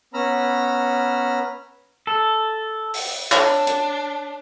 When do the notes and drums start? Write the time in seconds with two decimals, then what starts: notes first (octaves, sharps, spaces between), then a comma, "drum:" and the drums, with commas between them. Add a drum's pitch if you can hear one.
0.14 B3 C#4 A#5 B5 E6 F6
2.07 A4
2.94 drum: open hi-hat
3.32 D4 C#5, drum: clap
3.67 drum: hi-hat